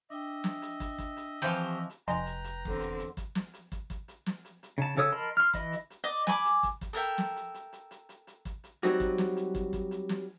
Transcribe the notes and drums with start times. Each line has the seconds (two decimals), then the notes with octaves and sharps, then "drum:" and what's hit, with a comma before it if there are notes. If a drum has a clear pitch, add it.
0.10 D4 D#5 E5 G5
0.44 drum: snare
0.62 drum: hi-hat
0.80 drum: kick, hi-hat
0.98 drum: kick, hi-hat
1.17 drum: hi-hat
1.42 E3 F3 C4 G4 C5 A5 C6 C#6
1.53 drum: hi-hat
1.90 drum: hi-hat
2.08 F1 B4 D#5 G5 G#5 A#5 C6, drum: hi-hat
2.26 drum: hi-hat
2.44 drum: hi-hat
2.65 E2 D3 C4, drum: kick
2.81 drum: hi-hat
2.99 drum: hi-hat
3.17 drum: kick, hi-hat
3.35 drum: snare
3.53 drum: hi-hat
3.72 drum: kick, hi-hat
3.90 drum: kick, hi-hat
4.08 drum: hi-hat
4.26 drum: snare
4.45 drum: hi-hat
4.63 drum: hi-hat
4.78 C#3 A5
4.97 C#3 A4 C#5 D#6 E6, drum: hi-hat
5.12 A#4 D#5 A5 B5 C6
5.37 C6 F6
5.54 E3 D#5 B5, drum: kick, hi-hat
5.72 drum: hi-hat
5.90 drum: hi-hat
6.04 D5 D#5
6.27 G#5 B5 C#6 D6, drum: snare
6.45 drum: hi-hat
6.63 drum: kick, hi-hat
6.81 drum: kick, hi-hat
6.93 A4 A#4 E5 G5
7.18 drum: snare
7.36 drum: hi-hat
7.54 drum: hi-hat
7.72 drum: hi-hat
7.91 drum: hi-hat
8.09 drum: hi-hat
8.27 drum: hi-hat
8.45 drum: kick, hi-hat
8.64 drum: hi-hat
8.83 F#3 G3 C4 D#4 F#4, drum: hi-hat
9.00 drum: kick, hi-hat
9.18 drum: snare
9.36 drum: hi-hat
9.55 drum: kick, hi-hat
9.73 drum: kick, hi-hat
9.91 drum: hi-hat
10.09 drum: snare